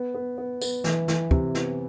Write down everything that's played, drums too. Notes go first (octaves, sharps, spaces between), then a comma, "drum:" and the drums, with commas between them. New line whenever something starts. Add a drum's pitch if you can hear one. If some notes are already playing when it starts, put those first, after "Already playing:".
Already playing: B3
B3
B3
B3, drum: tambourine
E3, drum: snare
E3, drum: snare
C3, drum: kick
B3, drum: snare